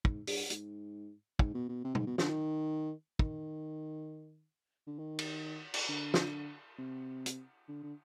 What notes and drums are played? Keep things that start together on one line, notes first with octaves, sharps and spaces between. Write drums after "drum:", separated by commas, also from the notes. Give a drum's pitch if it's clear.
G#2, drum: kick
G2, drum: open hi-hat
G#2, drum: hi-hat
G#2, drum: kick
B2
B2
C3
G#2, drum: tom
B2
D3, drum: snare
D#3
D#3, drum: kick
D3
D#3
drum: cymbal
drum: cymbal
D3
drum: snare
C3
drum: hi-hat
D3
D3